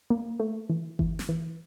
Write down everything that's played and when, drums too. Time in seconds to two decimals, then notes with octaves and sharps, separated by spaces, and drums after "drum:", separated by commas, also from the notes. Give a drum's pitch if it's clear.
0.10 A#3
0.40 A3
0.70 E3
0.99 E3, drum: kick G1
1.19 drum: snare
1.29 E3